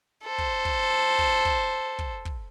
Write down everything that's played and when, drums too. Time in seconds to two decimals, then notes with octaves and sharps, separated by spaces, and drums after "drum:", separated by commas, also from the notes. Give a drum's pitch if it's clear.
0.25 A4 C5
0.38 drum: kick
0.65 drum: kick
1.18 drum: kick
1.45 drum: kick
1.99 drum: kick
2.25 drum: kick